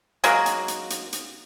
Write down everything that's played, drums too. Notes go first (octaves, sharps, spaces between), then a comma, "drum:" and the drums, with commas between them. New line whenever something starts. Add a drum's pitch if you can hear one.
F#3 G#3 A#3 F#4, drum: hi-hat
drum: hi-hat
drum: hi-hat
drum: hi-hat
drum: hi-hat